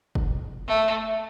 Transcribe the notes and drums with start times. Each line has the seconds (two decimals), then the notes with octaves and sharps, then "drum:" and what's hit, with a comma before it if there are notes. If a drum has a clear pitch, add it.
0.15 drum: kick
0.67 A3